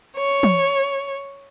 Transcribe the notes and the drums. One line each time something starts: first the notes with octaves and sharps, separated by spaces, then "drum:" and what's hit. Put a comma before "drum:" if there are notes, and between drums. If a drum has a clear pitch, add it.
C#5
drum: tom